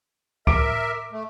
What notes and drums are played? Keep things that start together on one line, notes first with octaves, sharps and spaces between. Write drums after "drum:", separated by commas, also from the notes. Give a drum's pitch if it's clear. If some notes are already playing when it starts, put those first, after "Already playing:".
A#4 E5 D6 D7, drum: kick
A3